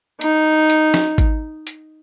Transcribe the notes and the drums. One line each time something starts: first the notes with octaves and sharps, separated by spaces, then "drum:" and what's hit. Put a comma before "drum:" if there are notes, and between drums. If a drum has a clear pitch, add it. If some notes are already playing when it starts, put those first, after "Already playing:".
D#4, drum: hi-hat
drum: hi-hat
drum: snare
drum: kick G#1, hi-hat
drum: hi-hat